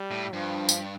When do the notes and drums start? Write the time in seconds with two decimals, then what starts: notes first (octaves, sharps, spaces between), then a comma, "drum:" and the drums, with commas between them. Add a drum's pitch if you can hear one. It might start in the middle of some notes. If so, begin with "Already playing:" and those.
Already playing: G3
0.11 A2
0.33 G2 F3
0.69 drum: tambourine